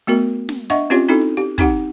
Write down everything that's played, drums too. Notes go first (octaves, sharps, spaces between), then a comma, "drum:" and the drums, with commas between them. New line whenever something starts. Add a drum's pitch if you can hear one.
A3 B3 F#4 A#4
drum: snare
D4 D#5 E5 F#5 C#6
C4 C#4 F4 G4 C#5
C4 D#4 E4 F#4 A4
drum: open hi-hat
G4
C4 D#4 G4 F#5, drum: kick, hi-hat